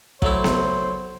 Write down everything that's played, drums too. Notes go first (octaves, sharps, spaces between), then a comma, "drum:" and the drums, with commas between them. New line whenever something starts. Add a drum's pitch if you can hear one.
F#3 A3 E4 C5, drum: kick
drum: snare B3